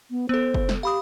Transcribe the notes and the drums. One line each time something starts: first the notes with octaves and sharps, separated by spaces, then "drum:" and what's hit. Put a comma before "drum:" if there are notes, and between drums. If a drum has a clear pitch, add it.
B3
B3 A4 C5
drum: kick
drum: snare
G4 F5 B5 D#6